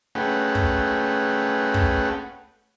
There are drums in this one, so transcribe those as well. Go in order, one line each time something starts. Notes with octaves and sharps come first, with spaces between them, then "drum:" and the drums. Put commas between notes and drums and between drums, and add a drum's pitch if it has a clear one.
A3 C#4 G#4 B4 F#5 G5
drum: kick
drum: kick